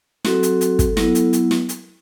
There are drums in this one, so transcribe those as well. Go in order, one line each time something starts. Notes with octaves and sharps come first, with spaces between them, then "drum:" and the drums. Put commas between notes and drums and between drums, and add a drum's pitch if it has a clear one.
F#3 C4 F#4 A4, drum: snare
drum: hi-hat
drum: hi-hat
drum: kick, hi-hat
F#3 B3 E4, drum: snare
drum: hi-hat
drum: hi-hat
drum: snare
drum: hi-hat